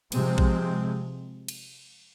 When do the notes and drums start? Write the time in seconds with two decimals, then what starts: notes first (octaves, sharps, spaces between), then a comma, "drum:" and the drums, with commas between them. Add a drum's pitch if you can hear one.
0.12 C3 F3 G#3 C4, drum: cymbal
0.38 drum: kick A#1
1.48 drum: cymbal